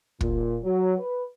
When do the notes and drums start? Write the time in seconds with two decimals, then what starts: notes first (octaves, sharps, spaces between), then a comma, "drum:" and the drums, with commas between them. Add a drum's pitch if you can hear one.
0.21 A#2, drum: kick
0.63 F#3
0.98 B4